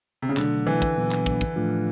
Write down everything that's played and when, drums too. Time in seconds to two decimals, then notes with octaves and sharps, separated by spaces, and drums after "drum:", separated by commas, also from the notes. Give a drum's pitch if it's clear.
0.22 C3
0.29 C#3
0.37 B2 D3 F#3 A3, drum: clap
0.67 E3
0.82 drum: kick
0.97 A#2 F#3 B3 D4
1.12 drum: clap
1.26 drum: kick
1.41 drum: kick
1.56 A2 F3 A3 D4 F4